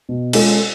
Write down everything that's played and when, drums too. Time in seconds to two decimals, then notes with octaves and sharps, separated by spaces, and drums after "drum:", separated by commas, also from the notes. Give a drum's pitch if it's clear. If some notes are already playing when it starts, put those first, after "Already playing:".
0.09 B2
0.33 G#3 C#4 F4 A4, drum: cymbal